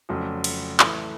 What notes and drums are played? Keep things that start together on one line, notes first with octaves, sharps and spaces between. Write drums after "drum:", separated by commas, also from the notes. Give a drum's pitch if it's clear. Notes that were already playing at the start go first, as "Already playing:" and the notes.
F1 F2 C#3 F#3
drum: cymbal
A2 E3 A3, drum: clap